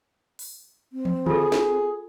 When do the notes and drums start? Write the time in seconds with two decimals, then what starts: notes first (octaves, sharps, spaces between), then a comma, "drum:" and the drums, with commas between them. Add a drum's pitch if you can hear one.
0.39 drum: open hi-hat
0.93 C4
1.05 drum: tom
1.26 F4 G#4 A4, drum: tom D3
1.52 drum: snare